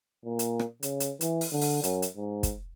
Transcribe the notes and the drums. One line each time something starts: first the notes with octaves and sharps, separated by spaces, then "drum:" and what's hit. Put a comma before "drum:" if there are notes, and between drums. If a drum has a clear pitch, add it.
A#2
drum: hi-hat
drum: rim click
C#3, drum: hi-hat
drum: hi-hat
E3, drum: hi-hat
drum: open hi-hat
D3
drum: open hi-hat
F#2, drum: hi-hat
drum: hi-hat
G#2
drum: kick, hi-hat